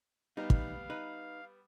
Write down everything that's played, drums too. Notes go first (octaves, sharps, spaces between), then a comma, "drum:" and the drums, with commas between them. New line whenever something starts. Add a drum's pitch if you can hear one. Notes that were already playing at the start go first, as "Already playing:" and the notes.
G3 B3 D#4 F5
drum: kick
D#4 B4